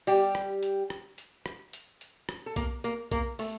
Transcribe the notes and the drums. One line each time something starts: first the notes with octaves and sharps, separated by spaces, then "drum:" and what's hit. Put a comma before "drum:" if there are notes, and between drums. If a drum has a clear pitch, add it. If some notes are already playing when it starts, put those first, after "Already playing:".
G3 G4, drum: open hi-hat
drum: rim click
drum: hi-hat
drum: rim click
drum: hi-hat
drum: rim click
drum: hi-hat
drum: hi-hat
drum: rim click
A4
A#3 A#4, drum: kick B1, hi-hat
A#3 A#4, drum: hi-hat
A#3 A#4, drum: kick B1, hi-hat
A3 A4, drum: open hi-hat